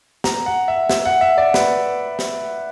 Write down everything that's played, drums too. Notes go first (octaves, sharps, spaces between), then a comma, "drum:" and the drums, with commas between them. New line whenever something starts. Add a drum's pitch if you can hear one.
A#5, drum: snare
F#5
E5
E5, drum: snare
F#5
E5
D5
B4, drum: snare
drum: snare